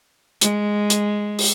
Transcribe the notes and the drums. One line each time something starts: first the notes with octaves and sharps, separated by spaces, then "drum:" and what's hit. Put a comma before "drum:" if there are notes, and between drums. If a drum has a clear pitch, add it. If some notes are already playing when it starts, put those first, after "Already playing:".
G#3, drum: hi-hat
drum: hi-hat
drum: open hi-hat